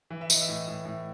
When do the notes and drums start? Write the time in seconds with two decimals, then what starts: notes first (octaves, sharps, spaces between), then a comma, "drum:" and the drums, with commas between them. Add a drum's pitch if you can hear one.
0.10 E3
0.21 E5
0.30 E3 D#5, drum: tambourine
0.41 E5
0.49 A2
0.67 A2
0.85 A2